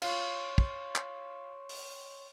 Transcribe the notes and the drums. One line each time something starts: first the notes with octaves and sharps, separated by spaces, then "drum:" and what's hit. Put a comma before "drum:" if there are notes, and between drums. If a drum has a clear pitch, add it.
F4 C#5 C6 C#6, drum: cymbal
drum: kick
drum: clap
drum: open hi-hat